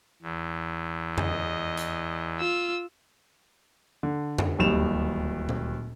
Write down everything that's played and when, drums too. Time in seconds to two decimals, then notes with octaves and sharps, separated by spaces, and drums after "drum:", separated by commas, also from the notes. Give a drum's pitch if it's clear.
0.22 E2
1.18 D#5, drum: tom F2
1.77 drum: hi-hat
2.39 F4 E6
4.03 D3
4.38 drum: tom F2
4.59 D1 D#2 G3 E7 F7
5.49 drum: tom A#2